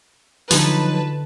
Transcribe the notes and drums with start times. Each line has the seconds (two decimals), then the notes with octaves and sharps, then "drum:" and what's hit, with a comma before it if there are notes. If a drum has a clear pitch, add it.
0.51 D3 F3 F#3 D#4 B4 A5, drum: open hi-hat